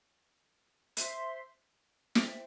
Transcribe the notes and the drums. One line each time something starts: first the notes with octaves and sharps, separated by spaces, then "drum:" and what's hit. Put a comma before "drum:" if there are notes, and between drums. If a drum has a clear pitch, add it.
C5 E5 C6, drum: hi-hat
C5 E5 G5, drum: snare